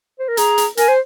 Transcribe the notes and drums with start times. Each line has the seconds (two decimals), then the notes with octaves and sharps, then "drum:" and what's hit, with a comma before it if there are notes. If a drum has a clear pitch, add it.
0.19 C5
0.28 A#4
0.37 G#4 A#5, drum: hi-hat
0.58 drum: hi-hat
0.77 A#4 G#5, drum: hi-hat
0.89 C5